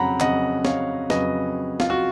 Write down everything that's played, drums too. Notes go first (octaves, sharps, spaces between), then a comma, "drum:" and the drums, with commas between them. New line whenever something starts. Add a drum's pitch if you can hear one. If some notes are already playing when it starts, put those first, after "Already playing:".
Already playing: F2 C#3 F#3 F#5 A#5 B5
F2 C#3 F#3 D#5 F#5, drum: clap
C#5 F5, drum: snare
F2 C#3 F#3 B4 D#5, drum: snare
F4, drum: snare
F#4